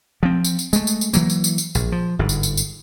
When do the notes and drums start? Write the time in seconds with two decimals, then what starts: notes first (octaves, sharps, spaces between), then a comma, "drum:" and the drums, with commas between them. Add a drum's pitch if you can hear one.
0.23 F3 C4
0.44 drum: tambourine
0.59 drum: tambourine
0.73 G#3 A3, drum: tambourine
0.87 drum: tambourine
1.01 drum: tambourine
1.13 E3 F#3 A#3, drum: tambourine
1.30 drum: tambourine
1.44 drum: tambourine
1.58 drum: tambourine
1.75 A#1, drum: tambourine
1.92 F3
2.19 G1 G#2
2.29 drum: tambourine
2.43 drum: tambourine
2.57 drum: tambourine